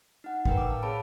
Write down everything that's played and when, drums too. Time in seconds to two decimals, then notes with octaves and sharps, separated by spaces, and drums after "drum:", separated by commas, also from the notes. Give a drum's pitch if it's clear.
0.24 D#4 F#5
0.45 A#4 B4 G5, drum: kick
0.57 D6 E6
0.70 F5 A5
0.83 C4 G#4 C#5 A5 B5 D7